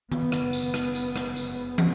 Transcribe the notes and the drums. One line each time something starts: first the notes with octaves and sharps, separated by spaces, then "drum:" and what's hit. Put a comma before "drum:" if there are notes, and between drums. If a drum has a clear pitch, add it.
F#1 F#2 C#3 B3, drum: tom D#3
drum: rim click
drum: tambourine
drum: rim click
drum: tambourine
drum: rim click
drum: tambourine
drum: tom